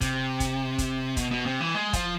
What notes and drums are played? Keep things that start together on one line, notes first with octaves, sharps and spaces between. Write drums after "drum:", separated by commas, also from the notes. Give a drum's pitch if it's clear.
C3, drum: kick, hi-hat
drum: kick, hi-hat
drum: kick, hi-hat
B2, drum: kick, hi-hat
B2
C3
E3
G#3
F3, drum: kick, hi-hat